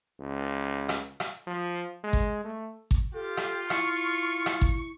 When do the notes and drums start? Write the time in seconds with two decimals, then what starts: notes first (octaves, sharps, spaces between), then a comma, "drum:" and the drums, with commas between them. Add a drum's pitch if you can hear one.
0.20 C#2
0.89 drum: rim click
1.20 drum: rim click
1.47 F3
2.04 G#3
2.13 drum: kick G#1
2.44 A3
2.91 drum: kick G#1
3.14 F4 G4 A4
3.37 drum: rim click
3.70 E4 C#6, drum: rim click
4.46 drum: rim click
4.61 drum: kick G#1